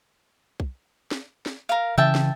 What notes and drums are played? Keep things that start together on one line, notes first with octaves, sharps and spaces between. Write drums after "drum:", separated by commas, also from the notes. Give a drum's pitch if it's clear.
drum: kick
drum: snare
drum: snare
A#4 F5
C#3 E3 E5 G5 A5
drum: snare